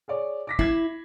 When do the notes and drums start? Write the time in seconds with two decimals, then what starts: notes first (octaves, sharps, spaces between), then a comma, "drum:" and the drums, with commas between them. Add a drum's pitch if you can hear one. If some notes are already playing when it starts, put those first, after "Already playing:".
0.08 G#4 C#5 D5
0.47 D6 A#6 B6
0.59 E4 D6 G#6 C7, drum: kick